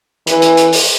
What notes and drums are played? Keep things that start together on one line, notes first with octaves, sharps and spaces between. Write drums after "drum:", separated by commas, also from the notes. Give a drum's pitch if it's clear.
E3, drum: hi-hat
drum: hi-hat
drum: hi-hat
drum: open hi-hat